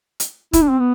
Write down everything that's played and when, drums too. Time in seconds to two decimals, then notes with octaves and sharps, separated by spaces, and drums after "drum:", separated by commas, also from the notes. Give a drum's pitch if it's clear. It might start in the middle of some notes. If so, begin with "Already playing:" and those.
0.20 drum: hi-hat
0.53 E4, drum: kick, hi-hat
0.62 D4
0.70 C4
0.79 B3